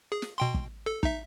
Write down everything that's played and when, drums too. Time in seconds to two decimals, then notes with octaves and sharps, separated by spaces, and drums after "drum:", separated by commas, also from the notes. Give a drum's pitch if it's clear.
0.12 G#4
0.22 drum: snare
0.38 B2 G5 C6
0.54 drum: kick
0.86 A4
1.03 D#4 E5, drum: kick